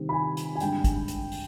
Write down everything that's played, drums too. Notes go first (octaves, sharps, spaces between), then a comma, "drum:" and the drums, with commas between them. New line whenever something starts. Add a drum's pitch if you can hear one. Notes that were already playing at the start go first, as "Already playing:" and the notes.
Already playing: C3 D#3 G3 C4
B5
G#5
drum: hi-hat
G#5
G2 D3 G#3 D4 G5, drum: hi-hat
drum: kick, hi-hat
drum: hi-hat
drum: open hi-hat